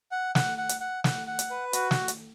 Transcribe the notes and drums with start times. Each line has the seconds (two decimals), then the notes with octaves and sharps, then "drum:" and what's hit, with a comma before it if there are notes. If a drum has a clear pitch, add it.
0.12 F#5
0.35 F#5, drum: snare
0.58 F#5
0.69 drum: hi-hat
0.81 F#5
1.04 F#5, drum: snare
1.27 F#5
1.39 drum: hi-hat
1.50 B4
1.73 F#4, drum: hi-hat
1.91 drum: snare
2.08 drum: hi-hat